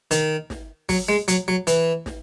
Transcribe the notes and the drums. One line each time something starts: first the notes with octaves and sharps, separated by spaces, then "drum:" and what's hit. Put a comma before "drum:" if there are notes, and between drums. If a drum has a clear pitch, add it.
D#3, drum: hi-hat
drum: snare
F#3, drum: kick, open hi-hat
G#3
F#3, drum: hi-hat
F#3
E3, drum: hi-hat
drum: snare